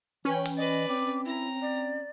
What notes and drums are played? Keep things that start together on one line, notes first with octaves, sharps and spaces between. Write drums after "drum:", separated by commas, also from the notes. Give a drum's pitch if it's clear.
E3 C#4 B4 G5
drum: open hi-hat
B4 D5 D#5
C4 D6
E4 A#5
D5